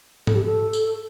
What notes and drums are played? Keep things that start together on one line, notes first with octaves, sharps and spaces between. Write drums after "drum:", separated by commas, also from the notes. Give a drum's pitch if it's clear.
A4, drum: tom G#2
G4
A4
drum: tambourine